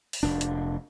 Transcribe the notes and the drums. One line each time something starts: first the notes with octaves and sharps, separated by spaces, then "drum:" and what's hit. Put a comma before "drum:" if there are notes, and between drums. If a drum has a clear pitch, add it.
drum: open hi-hat
F1 D4
drum: hi-hat